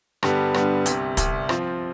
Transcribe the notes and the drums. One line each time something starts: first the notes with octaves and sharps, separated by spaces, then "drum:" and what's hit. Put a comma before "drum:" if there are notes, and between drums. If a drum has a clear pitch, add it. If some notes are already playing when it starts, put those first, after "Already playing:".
G2 D3 G3 B3, drum: rim click
G2 D3 G3 B3, drum: rim click
C2 C3 G3, drum: hi-hat
C2 C3 G3, drum: kick, hi-hat
F3 C4 F4, drum: rim click